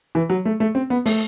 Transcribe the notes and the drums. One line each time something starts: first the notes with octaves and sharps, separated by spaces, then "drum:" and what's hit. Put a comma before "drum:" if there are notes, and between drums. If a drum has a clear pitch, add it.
E3
F#3
A3
A3
C4
B3
A3, drum: open hi-hat